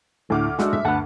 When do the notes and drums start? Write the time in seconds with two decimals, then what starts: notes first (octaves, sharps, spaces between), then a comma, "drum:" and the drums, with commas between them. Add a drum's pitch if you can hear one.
0.30 D2 A2 D6 F6
0.59 G#3 A3 D4 F#4, drum: snare
0.73 E5, drum: tom
0.85 D2 B4 F#5 A5